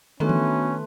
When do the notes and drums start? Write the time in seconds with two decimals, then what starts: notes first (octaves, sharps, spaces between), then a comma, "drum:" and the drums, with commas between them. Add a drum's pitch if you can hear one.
0.20 D#3 A3 B3 C#4 D4 F#4 B4 C6
0.29 drum: tom E3